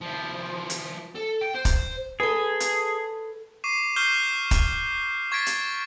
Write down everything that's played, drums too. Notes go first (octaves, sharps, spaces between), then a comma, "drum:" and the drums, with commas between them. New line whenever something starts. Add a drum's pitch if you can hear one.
F3 E4
drum: hi-hat
A4
G5
C5
drum: kick, hi-hat
G#4 A4 B4
drum: hi-hat
C#6 D6 C7 D#7
C#6 F6 G6 C7 G7
drum: kick, hi-hat
C#6 G#6 A6 B6 D7
drum: hi-hat